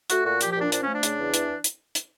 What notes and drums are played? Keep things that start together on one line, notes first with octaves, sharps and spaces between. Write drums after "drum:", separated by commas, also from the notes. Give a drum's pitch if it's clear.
A3 F#4, drum: hi-hat
A#2 F#4
F3 G4, drum: hi-hat
G4
A#2 D4
F3 D4, drum: hi-hat
C#4
A3
D4
C#3, drum: hi-hat
E2
E3, drum: hi-hat
drum: hi-hat
drum: hi-hat